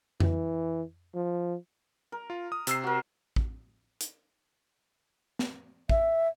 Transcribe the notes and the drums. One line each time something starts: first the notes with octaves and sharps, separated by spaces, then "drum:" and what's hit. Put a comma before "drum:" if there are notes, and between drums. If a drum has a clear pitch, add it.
E3, drum: tom F2
F3
A#4
F4
D#6
C3 E6 C7, drum: hi-hat
F#4 A#4
drum: kick A1
drum: hi-hat
drum: snare
E5, drum: kick A1